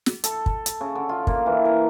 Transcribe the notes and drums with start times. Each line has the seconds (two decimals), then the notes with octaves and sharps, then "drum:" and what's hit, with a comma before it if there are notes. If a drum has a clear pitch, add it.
0.06 drum: snare
0.24 A4, drum: hi-hat
0.46 drum: kick
0.66 drum: hi-hat
0.81 C#3
0.95 D3
1.09 F4
1.27 A#3, drum: kick
1.46 E3
1.65 A#4